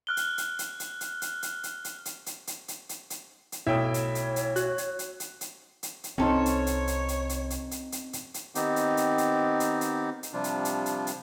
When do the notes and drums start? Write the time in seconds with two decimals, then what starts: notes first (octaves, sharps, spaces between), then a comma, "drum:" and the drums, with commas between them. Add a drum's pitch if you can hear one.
0.07 F6 F#6 G7
0.17 drum: hi-hat
0.38 drum: hi-hat
0.59 drum: hi-hat
0.80 drum: hi-hat
1.01 drum: hi-hat
1.22 drum: hi-hat
1.43 drum: hi-hat
1.64 drum: hi-hat
1.84 drum: hi-hat
2.05 drum: hi-hat
2.26 drum: hi-hat
2.47 drum: hi-hat
2.68 drum: hi-hat
2.89 drum: hi-hat
3.10 drum: hi-hat
3.52 drum: hi-hat
3.67 B1 A3 E4 C#5 E5 G5 D#6 E6
3.94 drum: hi-hat
4.15 drum: hi-hat
4.36 drum: hi-hat
4.56 F#4 F#6, drum: hi-hat
4.78 drum: hi-hat
4.99 drum: hi-hat
5.20 drum: hi-hat
5.41 drum: hi-hat
5.83 drum: hi-hat
6.04 drum: hi-hat
6.18 C2 C4 C#4 D#4 A4 C5 C#5
6.46 drum: hi-hat
6.67 drum: hi-hat
6.88 drum: hi-hat
7.08 drum: hi-hat
7.29 drum: hi-hat
7.50 drum: hi-hat
7.71 drum: hi-hat
7.92 drum: hi-hat
8.13 drum: hi-hat
8.34 drum: hi-hat
8.55 D#3 B3 C4 D#4 G4, drum: hi-hat
8.76 drum: hi-hat
8.97 drum: hi-hat
9.18 drum: hi-hat
9.60 drum: hi-hat
9.81 drum: hi-hat
10.23 drum: hi-hat
10.33 C3 F3 G3 D4 F4
10.44 drum: hi-hat
10.65 drum: hi-hat
10.86 drum: hi-hat
11.07 drum: hi-hat